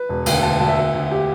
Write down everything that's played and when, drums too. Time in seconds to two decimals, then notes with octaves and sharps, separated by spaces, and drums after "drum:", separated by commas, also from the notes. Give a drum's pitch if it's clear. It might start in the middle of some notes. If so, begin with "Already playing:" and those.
Already playing: B4
0.09 E1
0.26 D2, drum: cymbal
0.43 D2 A5
0.60 D2 A5
0.69 E5
0.77 D2
0.94 D2
1.11 G4